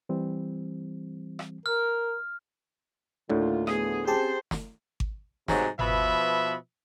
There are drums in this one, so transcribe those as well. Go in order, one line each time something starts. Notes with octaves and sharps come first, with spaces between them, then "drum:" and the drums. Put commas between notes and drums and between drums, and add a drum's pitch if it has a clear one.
E3 G3 C4
drum: rim click
A#4 F6
D2 A2 D3 D#3 A#3 F4
F3 A3 B3 G#4 D#6, drum: rim click
C4 C#4 G4 G#4 C5 A5
drum: snare
drum: kick G#1
G#2 C3 F#3, drum: snare
B2 F3 B4 E5, drum: tom G1